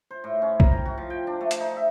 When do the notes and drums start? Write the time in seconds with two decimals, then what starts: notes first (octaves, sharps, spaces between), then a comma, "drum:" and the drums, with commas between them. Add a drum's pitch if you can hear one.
0.11 C5
0.24 A2
0.42 C#4
0.60 A#5, drum: kick B1
0.72 G5
0.85 F#4
0.98 F3
1.10 G5
1.27 D4
1.41 A3
1.51 drum: hi-hat
1.60 D#4
1.77 E5